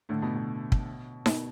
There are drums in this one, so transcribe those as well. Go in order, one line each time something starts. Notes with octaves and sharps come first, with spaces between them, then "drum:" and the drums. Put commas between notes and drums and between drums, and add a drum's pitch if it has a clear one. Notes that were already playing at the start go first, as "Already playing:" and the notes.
A2 D3
B2
B2
drum: kick
B2, drum: snare D#4